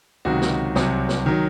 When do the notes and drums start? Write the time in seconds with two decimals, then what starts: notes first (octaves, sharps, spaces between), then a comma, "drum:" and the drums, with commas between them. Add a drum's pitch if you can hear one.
0.25 C#2 C3 D#3 F#3 F#4
0.42 drum: snare
0.75 C2 C3 F#3, drum: snare
1.09 drum: snare
1.26 D#3 F#3